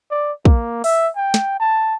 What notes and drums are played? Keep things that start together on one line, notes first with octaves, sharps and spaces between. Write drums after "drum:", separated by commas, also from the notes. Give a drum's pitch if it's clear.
D5
A#3, drum: kick
E5, drum: open hi-hat
G5
drum: snare
A5